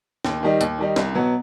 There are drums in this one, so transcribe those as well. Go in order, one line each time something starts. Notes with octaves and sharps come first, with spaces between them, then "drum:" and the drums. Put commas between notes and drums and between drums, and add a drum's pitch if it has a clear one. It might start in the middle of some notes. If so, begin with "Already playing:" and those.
D#2, drum: snare
D#3 G3 D#4
D#2, drum: hi-hat
D#3 G3 D#4
C2, drum: snare
B2 F#3 B3